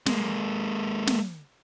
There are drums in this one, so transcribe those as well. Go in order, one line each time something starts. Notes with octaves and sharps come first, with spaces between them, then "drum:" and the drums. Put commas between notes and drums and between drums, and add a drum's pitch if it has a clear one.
G#3 A#3, drum: snare
drum: snare